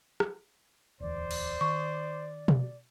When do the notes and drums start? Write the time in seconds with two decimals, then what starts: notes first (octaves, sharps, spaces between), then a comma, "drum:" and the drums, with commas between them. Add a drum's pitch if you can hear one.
0.20 drum: rim click
1.00 D1 E2 C5 D5
1.31 drum: cymbal
1.61 D#3 C#6
2.48 drum: tom B2